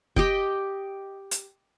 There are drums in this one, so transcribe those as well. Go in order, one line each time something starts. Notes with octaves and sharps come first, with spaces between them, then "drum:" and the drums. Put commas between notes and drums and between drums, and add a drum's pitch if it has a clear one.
G4 D#5 G5, drum: kick F#1
drum: hi-hat